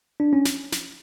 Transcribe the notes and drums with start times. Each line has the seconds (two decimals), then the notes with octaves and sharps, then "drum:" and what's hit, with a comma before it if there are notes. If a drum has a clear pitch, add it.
0.20 D4
0.33 C#4
0.45 drum: snare
0.72 drum: snare